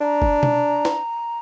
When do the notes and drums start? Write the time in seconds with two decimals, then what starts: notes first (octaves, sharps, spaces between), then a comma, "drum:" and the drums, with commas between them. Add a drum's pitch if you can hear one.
0.01 D4 A#5
0.22 drum: kick F#1
0.43 drum: tom
0.85 drum: snare